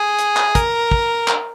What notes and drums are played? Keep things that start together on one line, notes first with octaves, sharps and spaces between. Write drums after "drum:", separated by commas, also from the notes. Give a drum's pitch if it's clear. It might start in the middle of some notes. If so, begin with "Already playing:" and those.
Already playing: G#4
drum: hi-hat
drum: clap
A#4, drum: kick, hi-hat
drum: kick
drum: clap